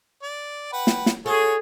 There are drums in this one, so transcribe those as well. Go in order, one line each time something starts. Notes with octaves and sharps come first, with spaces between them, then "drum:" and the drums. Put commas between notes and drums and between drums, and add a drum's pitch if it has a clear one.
D5
B4 F#5 G5
drum: snare
drum: snare
F#4 G#4 A4 C#5